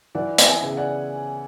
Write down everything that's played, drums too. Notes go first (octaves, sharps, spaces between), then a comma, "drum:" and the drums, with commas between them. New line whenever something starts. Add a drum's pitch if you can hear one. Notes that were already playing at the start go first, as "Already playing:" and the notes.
E3 D5 F#5
B3, drum: hi-hat
E5 G#5
C#3
D5 F#5